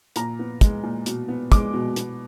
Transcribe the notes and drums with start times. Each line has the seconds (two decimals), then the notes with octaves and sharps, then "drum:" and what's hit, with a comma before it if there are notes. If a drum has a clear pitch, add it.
0.16 A#2 A#5, drum: hi-hat
0.39 B3
0.61 G#3, drum: kick, hi-hat
0.83 A#2
1.06 B2, drum: hi-hat
1.28 B3
1.52 G#3 D6, drum: kick, hi-hat
1.73 B2
1.96 B3, drum: hi-hat